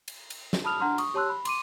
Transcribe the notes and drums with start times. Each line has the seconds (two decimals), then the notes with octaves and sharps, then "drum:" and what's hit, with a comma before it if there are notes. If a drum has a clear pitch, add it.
0.08 drum: cymbal
0.30 drum: cymbal
0.53 drum: snare
0.64 A5 B5 D#6 F6 F7
0.80 D4 F#5 A#5 C6 F6
0.98 C#6 D#6, drum: cymbal
1.14 G4 C#5 A5 C6 E6 F#6
1.29 B5
1.45 C6 D6 D#7, drum: cymbal